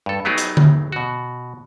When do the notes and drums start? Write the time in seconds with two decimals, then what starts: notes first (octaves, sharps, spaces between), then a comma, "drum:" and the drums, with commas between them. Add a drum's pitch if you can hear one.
0.06 G2 A4
0.25 F#3 A3 B3 D#4 G4 G#4
0.38 drum: hi-hat
0.57 drum: tom D3
0.92 B2 F#4